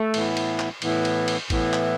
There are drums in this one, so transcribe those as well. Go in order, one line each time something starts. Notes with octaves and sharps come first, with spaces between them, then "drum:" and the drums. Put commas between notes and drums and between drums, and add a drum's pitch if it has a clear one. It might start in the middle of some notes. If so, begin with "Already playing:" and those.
Already playing: A3
A2 E3 B3 E4, drum: cymbal
drum: cymbal
drum: clap
A2 E3 B3 E4, drum: cymbal
drum: cymbal
drum: cymbal
A2 E3 B3 E4, drum: kick G#1, cymbal
drum: clap